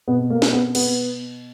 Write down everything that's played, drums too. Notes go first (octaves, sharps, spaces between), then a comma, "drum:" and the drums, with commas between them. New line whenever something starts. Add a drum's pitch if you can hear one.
B2 B3
A#3
drum: snare
B3
B3, drum: cymbal